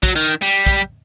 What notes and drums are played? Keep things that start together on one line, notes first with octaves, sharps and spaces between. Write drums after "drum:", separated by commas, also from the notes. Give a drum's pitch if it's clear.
F#3, drum: kick, hi-hat
D#3
G3
drum: kick, hi-hat